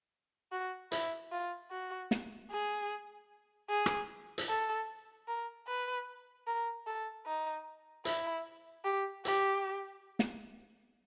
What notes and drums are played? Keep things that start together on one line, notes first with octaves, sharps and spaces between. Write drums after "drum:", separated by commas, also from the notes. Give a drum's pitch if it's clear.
F#4
E4, drum: hi-hat
F4
F#4
drum: snare
G#4
G#4
drum: rim click
drum: hi-hat
A4
A#4
B4
A#4
A4
D#4
E4, drum: hi-hat
G4
G4, drum: hi-hat
drum: snare